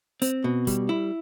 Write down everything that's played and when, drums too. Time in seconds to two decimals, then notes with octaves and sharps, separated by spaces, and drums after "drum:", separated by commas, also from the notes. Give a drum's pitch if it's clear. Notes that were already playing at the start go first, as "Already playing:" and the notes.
0.22 C4, drum: hi-hat
0.44 B2
0.67 G3, drum: kick, hi-hat
0.89 E4